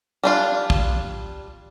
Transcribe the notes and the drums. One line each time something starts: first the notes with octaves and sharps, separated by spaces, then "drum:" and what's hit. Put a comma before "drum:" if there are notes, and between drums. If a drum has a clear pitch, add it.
G3 D4 F4
drum: kick